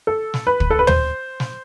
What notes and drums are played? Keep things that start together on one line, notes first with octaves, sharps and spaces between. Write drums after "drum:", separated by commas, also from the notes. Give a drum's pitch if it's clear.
A4
drum: snare
B4
drum: kick
A4
B4
C5, drum: tom
drum: snare